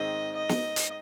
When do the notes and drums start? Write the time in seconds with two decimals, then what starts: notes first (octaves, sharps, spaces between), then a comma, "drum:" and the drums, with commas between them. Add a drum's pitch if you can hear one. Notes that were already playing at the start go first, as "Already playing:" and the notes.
Already playing: G#2 D#3 G#3 C4 D#5
0.36 D#5
0.49 drum: snare
0.76 drum: hi-hat